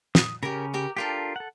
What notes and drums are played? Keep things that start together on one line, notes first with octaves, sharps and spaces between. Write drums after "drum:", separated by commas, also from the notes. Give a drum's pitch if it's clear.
D#6, drum: snare
C#3 C#4 G4 A#4
G4 A#4
D4 F4 G4 A4 A#4 G5
A4 F#5